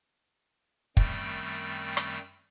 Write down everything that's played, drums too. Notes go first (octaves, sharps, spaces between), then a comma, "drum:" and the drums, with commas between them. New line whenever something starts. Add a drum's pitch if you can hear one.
F#2 D#3 G3 A3 C4 G5, drum: kick
drum: rim click